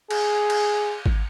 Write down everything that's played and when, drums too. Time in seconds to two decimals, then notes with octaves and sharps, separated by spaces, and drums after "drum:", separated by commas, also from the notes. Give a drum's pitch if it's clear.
0.11 G#4, drum: cymbal
0.50 drum: cymbal
1.06 drum: kick G#1